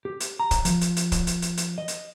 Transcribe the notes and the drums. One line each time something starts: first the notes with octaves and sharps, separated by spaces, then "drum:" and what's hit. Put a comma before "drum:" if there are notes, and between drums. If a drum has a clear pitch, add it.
G4
drum: hi-hat
A#5
drum: kick, hi-hat
F3, drum: hi-hat
drum: hi-hat
drum: hi-hat
drum: kick, hi-hat
drum: hi-hat
drum: hi-hat
drum: hi-hat
D#5
drum: hi-hat